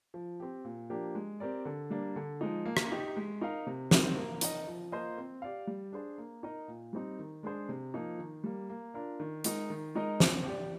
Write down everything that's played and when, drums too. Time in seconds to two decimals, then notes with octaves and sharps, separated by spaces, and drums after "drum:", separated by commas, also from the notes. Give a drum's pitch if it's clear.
0.14 F3
0.40 C4 G4
0.65 A#2
0.90 F3 A#3 D4 G4
1.15 G#3
1.40 C4 G4 A#4 D5
1.65 D3
1.90 G3 A#3 D4
2.16 D3
2.41 F3 G#3 D#4
2.65 A#3
2.77 drum: rim click
2.92 D#4 G4
3.17 G#3
3.41 D#4 A#4 F5
3.67 C3
3.91 D#3 G3 C4, drum: snare
4.17 A#3
4.41 D#4 A#4 D#5, drum: hi-hat
4.67 F3
4.92 A#3 F4 C5 D#5
5.18 C4
5.42 G4 D5 F5
5.67 G3
5.93 D4 G#4 C5
6.18 A#3
6.43 D#4 A#4 D#5
6.68 A#2
6.93 G3 C4 D#4
7.19 D#3
7.43 G#3 D4 G#4 C5
7.69 C3
7.94 F3 A#3 D#4
8.19 D#3
8.44 G3 A#3
8.70 A#3
8.94 D4 F4 A#4
9.20 D#3
9.44 G#3 D#4 A#4, drum: hi-hat
9.70 D#3
9.95 G#3 D#4 A#4 D#5
10.20 C4, drum: snare
10.46 G4 D5